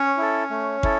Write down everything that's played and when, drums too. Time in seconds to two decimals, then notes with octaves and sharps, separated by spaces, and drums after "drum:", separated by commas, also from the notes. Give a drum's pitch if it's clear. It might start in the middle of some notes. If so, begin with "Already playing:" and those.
Already playing: C#4 C#5
0.17 E4 A4
0.50 A3
0.83 E4 A4, drum: kick